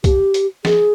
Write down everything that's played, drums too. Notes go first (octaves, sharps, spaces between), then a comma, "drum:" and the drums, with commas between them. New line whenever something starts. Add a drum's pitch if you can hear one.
G4, drum: kick, hi-hat
drum: hi-hat
G#4, drum: snare F3